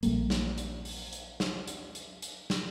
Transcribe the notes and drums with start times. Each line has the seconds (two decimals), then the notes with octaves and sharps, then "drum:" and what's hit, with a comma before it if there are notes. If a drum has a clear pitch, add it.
0.03 A#1 G3 A3 A#3, drum: hi-hat
0.30 drum: snare
0.58 drum: hi-hat
0.85 drum: open hi-hat
1.13 drum: hi-hat
1.40 drum: snare
1.68 drum: hi-hat
1.95 drum: hi-hat
2.22 drum: hi-hat
2.50 drum: snare